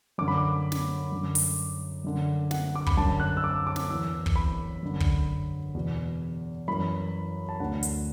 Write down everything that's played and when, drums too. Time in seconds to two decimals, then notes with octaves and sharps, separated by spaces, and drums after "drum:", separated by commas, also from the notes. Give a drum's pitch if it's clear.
0.18 F#2 D3 D6
0.28 B5
0.37 D6
0.72 drum: snare
1.12 F#2 D3
1.35 drum: open hi-hat
2.04 F#2 D3
2.51 F#5, drum: snare
2.75 D6
2.86 B5, drum: kick
2.97 F#2 D3 A5
3.20 F#6
3.37 E6
3.44 D6
3.67 D6
3.76 drum: snare
3.90 E2 E3 E6
4.26 drum: kick
4.36 B5
4.83 F#2 D3
5.00 drum: kick
5.75 E2 B2
6.68 F#2 E3 B5
7.49 A5
7.60 D2 D3 F#5
7.83 drum: hi-hat